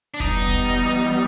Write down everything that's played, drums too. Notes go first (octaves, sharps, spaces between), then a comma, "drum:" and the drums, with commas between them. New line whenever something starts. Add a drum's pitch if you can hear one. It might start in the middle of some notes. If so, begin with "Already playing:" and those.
D4
E3 G3 B3 D#4, drum: kick F1
drum: kick F1